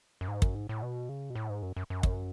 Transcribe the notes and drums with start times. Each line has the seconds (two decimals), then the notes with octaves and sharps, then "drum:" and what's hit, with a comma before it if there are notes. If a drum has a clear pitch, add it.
0.21 F#2
0.28 G#2
0.42 F#2, drum: kick
0.55 G#2
0.69 A2
0.82 B2
1.09 C#3
1.30 B2
1.35 A2
1.49 G#2
1.63 F#2
1.76 F#2
1.90 F#2
2.03 drum: kick